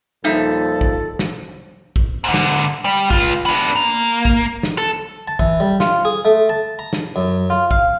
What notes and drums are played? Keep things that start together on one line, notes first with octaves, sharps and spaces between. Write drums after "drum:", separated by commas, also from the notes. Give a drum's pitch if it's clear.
D#2 A#2 F3 G3 D#4 A4 E5
drum: kick
drum: snare
drum: kick
G#2 D3
drum: snare
G3
C#2 F4, drum: kick
B3 D4
A#3
drum: kick
drum: snare
A4
A5
E3, drum: kick
G3
F4, drum: snare
G#4
A3
A5
A#5
drum: snare
F#2
F4
F5, drum: kick